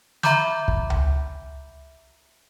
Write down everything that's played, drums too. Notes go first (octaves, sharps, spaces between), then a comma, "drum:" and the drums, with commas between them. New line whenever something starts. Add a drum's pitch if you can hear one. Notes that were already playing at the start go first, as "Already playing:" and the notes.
E5 A#5 B5 D6 G6, drum: snare
drum: kick
drum: tom C#2